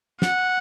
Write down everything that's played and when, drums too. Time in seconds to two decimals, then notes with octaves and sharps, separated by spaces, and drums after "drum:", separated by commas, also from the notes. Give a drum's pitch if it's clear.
0.22 F#5, drum: snare